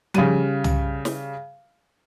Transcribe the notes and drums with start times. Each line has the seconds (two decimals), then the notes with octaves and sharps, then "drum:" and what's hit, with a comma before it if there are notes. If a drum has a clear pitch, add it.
0.14 C#3 G3 D#7, drum: tom F3
0.64 drum: tom
1.05 drum: snare